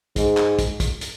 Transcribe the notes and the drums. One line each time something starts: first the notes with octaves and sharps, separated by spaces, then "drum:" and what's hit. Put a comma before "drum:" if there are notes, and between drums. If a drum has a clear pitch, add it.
G#2, drum: kick, hi-hat
drum: clap
drum: kick, hi-hat
drum: kick, hi-hat
drum: hi-hat